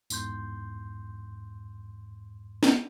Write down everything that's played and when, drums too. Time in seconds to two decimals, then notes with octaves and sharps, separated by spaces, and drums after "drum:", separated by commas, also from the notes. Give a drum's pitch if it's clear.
0.10 E2 G#2 C6 G6, drum: tambourine
2.63 drum: snare